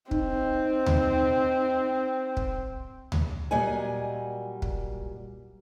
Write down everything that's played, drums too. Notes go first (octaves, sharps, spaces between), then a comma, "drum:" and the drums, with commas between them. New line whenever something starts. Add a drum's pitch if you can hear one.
C4 D#4, drum: kick
drum: tom D2
drum: kick
drum: tom D2
A#2 F#3 G3 D#5 G#5
drum: kick